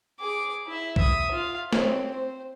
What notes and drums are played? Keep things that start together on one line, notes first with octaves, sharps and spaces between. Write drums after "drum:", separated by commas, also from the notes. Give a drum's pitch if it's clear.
G#4 D6
E4 E5
E5 D#6, drum: kick B1
F4 F5
C4 C#5, drum: snare
C5